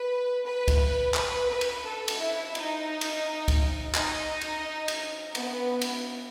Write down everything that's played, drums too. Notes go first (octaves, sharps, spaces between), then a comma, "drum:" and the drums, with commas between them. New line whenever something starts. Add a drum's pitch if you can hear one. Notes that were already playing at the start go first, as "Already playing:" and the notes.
Already playing: B4
B4
drum: kick, cymbal
B4, drum: clap
B4
drum: cymbal
A4
drum: cymbal
E4
D#4, drum: cymbal
drum: cymbal
drum: kick, cymbal
D#4, drum: clap
drum: cymbal
drum: cymbal
B3, drum: cymbal
drum: cymbal